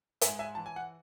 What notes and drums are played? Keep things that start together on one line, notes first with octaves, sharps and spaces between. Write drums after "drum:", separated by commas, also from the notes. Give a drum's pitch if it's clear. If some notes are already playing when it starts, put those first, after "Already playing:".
G#2 E5 G#5, drum: hi-hat
E5 G#5
E3 A5
G#5
F#5